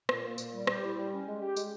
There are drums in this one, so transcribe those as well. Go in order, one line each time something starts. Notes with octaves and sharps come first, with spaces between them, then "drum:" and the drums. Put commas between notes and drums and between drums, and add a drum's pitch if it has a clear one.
A#2, drum: rim click
A#3
A#2, drum: tambourine
G3
G4, drum: rim click
E4
G3
C#4
G#3
G4
G#3, drum: tambourine